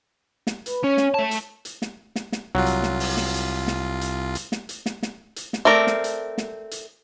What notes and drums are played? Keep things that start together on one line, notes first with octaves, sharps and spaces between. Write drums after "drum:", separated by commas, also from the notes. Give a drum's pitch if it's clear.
drum: snare
B4, drum: hi-hat
C#4 C#5
drum: snare
A3 A5
drum: hi-hat
drum: hi-hat
drum: snare
drum: snare
drum: snare
C2 F#3 F4
drum: hi-hat
drum: snare
drum: open hi-hat
drum: snare
drum: hi-hat
drum: snare
drum: hi-hat
drum: hi-hat
drum: snare
drum: hi-hat
drum: snare
drum: snare
drum: hi-hat
drum: snare
A3 C4 A#4 D5
drum: snare
drum: hi-hat
drum: snare
drum: hi-hat